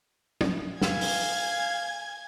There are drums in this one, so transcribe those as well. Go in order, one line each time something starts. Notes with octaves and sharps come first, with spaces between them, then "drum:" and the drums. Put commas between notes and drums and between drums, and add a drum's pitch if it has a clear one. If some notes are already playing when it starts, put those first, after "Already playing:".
drum: tom F#3
F5 G#5 G#6, drum: snare
drum: open hi-hat